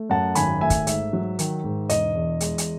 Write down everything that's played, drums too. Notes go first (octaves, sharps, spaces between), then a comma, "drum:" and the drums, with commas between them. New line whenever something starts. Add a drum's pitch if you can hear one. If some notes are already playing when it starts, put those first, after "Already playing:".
Already playing: A3
F#2 F#5 A5
G#1 G#5 B5, drum: hi-hat
A3 E5 G#5
drum: kick, hi-hat
G#2 E5, drum: hi-hat
F#3
D#3, drum: hi-hat
G#2
E1 D#5, drum: hi-hat
E2
G#3, drum: hi-hat
drum: hi-hat